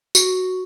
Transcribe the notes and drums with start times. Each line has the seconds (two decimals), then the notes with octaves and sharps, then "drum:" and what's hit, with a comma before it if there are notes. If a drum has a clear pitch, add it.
0.15 F#4, drum: tambourine